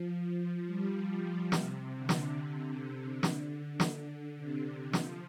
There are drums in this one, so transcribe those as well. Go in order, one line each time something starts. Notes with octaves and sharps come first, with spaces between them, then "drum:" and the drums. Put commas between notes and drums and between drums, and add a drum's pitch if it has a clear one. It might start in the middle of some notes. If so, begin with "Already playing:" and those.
Already playing: F3
G3
F3
C3, drum: snare
D3
drum: snare
D3
D3, drum: snare
drum: snare
D3
C3
D3
F3, drum: snare